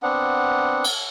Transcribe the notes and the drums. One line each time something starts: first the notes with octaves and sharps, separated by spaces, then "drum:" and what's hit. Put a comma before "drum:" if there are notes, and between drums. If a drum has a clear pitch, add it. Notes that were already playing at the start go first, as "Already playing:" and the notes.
B3 C4 D4 F#5
drum: cymbal